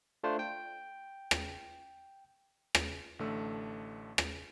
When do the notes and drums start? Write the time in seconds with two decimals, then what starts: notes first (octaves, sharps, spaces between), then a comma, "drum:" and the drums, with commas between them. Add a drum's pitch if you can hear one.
0.24 A3 D4 F4 C5
0.39 G5
1.31 drum: rim click
2.75 drum: rim click
3.19 A1 D3 A3 E6
4.18 drum: rim click